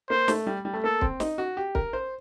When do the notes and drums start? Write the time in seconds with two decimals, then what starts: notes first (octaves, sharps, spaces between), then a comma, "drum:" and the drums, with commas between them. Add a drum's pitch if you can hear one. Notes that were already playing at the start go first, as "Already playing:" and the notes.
0.10 A#3 C5
0.28 A3, drum: snare
0.47 G3
0.65 G3
0.74 A3
0.83 A#3 A4
1.01 C4, drum: kick
1.20 D#4, drum: snare
1.38 F#4
1.57 G4
1.75 A#4, drum: kick
1.93 C5